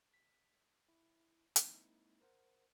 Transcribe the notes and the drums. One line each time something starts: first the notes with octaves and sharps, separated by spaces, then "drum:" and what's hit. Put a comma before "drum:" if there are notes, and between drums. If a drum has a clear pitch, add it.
B6
E4
G#3 A#3 C4 D#4 E4, drum: hi-hat
A#4 C5 F#5